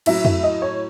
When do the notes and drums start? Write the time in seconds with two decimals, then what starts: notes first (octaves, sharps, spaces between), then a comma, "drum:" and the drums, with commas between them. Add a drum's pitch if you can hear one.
0.06 A2 F#3 E5, drum: cymbal
0.25 E5, drum: tom F2
0.43 D#5
0.62 C#5